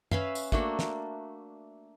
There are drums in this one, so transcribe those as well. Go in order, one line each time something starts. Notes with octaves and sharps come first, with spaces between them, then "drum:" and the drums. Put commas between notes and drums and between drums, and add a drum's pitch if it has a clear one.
C#4 B4 E5 F5, drum: tom F#2
drum: tambourine
A3 A#3 D4 F#4, drum: kick
drum: snare